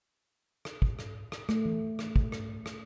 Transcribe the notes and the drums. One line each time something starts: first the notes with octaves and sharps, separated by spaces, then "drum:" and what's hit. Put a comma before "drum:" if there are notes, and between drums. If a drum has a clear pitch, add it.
drum: rim click
drum: kick
drum: rim click
drum: rim click
A3, drum: rim click
drum: tom E3
drum: rim click
drum: kick
drum: rim click
drum: rim click